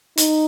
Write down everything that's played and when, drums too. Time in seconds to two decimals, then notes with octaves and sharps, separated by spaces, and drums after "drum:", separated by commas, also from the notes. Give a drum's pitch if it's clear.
0.17 D#4, drum: hi-hat